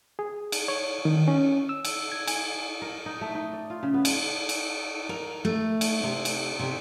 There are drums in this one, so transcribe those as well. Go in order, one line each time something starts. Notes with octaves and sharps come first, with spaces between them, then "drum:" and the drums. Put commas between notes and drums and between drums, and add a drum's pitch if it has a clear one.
G#4
drum: cymbal
C#5
D#3
C#4
E6
drum: cymbal
G#6
G#5, drum: cymbal
A#4
D#4
A3
D#4
D5
F4
C#3
B3
drum: cymbal
drum: cymbal
A#4
A3
drum: cymbal
C3
drum: cymbal
C3